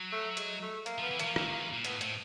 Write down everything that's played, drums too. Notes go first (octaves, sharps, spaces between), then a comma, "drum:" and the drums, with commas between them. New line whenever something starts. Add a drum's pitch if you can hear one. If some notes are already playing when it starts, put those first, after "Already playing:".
Already playing: F#3
A3
G#3, drum: hi-hat
A3
A#3, drum: hi-hat
F3
B3
E3
F3 A#3, drum: hi-hat
E3, drum: rim click
D#3
E3
A#2
A2 B3, drum: hi-hat
A2 C4, drum: hi-hat